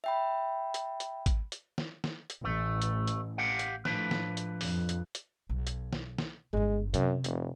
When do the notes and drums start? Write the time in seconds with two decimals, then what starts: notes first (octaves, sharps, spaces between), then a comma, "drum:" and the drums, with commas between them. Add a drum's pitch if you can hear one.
0.04 E5 G5 B5
0.74 drum: hi-hat
1.00 drum: hi-hat
1.26 drum: kick, hi-hat
1.52 drum: hi-hat
1.78 drum: snare
2.04 drum: snare
2.30 drum: hi-hat
2.44 A1 A3
2.82 drum: hi-hat
3.07 drum: hi-hat
3.38 G4 F5 F#5
3.59 drum: hi-hat
3.85 A2 F3 D4 B4, drum: snare
4.11 drum: snare
4.37 drum: hi-hat
4.61 F2, drum: open hi-hat
4.89 drum: hi-hat
5.15 drum: hi-hat
5.49 B1
5.67 drum: hi-hat
5.93 drum: snare
6.18 drum: snare
6.53 G1 G2 G#3
6.94 F#2 C3, drum: hi-hat
7.24 F1, drum: hi-hat